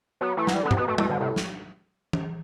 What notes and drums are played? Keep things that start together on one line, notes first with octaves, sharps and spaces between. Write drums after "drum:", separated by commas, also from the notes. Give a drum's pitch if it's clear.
F#3 B3
E3 A3
F#3, drum: snare
E3 G3
D3 B3
C3, drum: tom G2
B2 B3
B2 A3
A3, drum: tom G3
D3
A2 C3
drum: snare
drum: tom E3